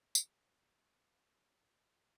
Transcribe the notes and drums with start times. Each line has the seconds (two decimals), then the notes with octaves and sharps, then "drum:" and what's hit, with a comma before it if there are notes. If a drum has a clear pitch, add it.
0.15 F2 A3, drum: tambourine